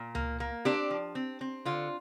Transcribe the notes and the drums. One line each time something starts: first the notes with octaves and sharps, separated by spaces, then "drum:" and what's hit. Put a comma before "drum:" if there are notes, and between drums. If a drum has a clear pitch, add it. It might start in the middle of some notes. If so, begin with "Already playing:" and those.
Already playing: A#2
A#3, drum: tom C#2
A#3
C4 D4 G4
F3
C4
C4
D3 F4